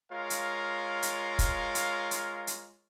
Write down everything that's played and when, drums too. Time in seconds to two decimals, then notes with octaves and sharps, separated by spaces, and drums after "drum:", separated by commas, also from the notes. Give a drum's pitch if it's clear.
0.12 G#3 F4 A#4 C#5 F5
0.30 drum: hi-hat
1.02 drum: hi-hat
1.39 drum: kick, hi-hat
1.75 drum: hi-hat
2.11 drum: hi-hat
2.47 drum: hi-hat